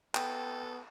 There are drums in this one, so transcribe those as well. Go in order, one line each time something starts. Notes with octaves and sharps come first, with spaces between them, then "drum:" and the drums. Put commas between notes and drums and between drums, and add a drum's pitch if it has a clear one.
B3 A4 G5, drum: clap